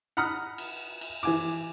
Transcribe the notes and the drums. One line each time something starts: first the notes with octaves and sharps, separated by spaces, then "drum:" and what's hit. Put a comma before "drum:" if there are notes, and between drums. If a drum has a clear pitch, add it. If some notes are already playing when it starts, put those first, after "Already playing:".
F#5 A#5 B5 D#6 F6
drum: cymbal
drum: cymbal
E3 G#5 D6